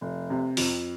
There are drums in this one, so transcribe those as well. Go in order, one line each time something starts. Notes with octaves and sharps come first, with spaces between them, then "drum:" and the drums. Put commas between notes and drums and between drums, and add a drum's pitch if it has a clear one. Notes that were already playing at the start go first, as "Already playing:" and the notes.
F1
C3
F2, drum: open hi-hat